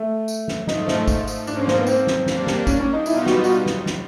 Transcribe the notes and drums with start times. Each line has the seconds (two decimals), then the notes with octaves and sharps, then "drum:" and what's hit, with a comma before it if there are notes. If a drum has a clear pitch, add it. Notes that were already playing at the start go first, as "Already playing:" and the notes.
Already playing: A3
0.28 drum: tambourine
0.48 drum: snare
0.67 G#2 F3 A3 D#4, drum: snare
0.88 drum: snare
1.08 drum: kick, tambourine
1.27 drum: tambourine
1.47 G#2 F3 A#3 D4, drum: tambourine
1.57 C#4
1.67 C4, drum: snare
1.77 B3
1.87 C4, drum: tambourine
2.07 drum: snare
2.26 G3 A#3 D4, drum: snare
2.47 drum: snare
2.67 C#4, drum: kick, tambourine
2.80 C#4
2.93 D#4
3.06 B2 G3 B3 D#4 E4, drum: tambourine
3.16 F4
3.26 F#4, drum: snare
3.36 F4
3.44 F#4, drum: tambourine
3.51 F4
3.66 drum: snare
3.86 drum: snare